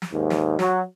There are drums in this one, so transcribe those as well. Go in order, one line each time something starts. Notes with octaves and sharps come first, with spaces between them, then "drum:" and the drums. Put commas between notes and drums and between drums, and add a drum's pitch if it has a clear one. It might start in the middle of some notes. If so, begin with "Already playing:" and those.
drum: snare
D#2 G#2
drum: snare
F#3, drum: snare